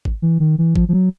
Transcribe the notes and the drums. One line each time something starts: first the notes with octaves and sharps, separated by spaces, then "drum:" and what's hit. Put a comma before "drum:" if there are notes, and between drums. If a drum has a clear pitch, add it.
drum: kick
E3
D#3
E3
F3, drum: kick
F3
F#3